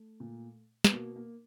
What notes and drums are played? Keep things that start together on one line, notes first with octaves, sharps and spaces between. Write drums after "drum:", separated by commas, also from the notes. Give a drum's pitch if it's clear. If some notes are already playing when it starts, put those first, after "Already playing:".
Already playing: A3
A#2
B3, drum: snare
B2 A#3
A#3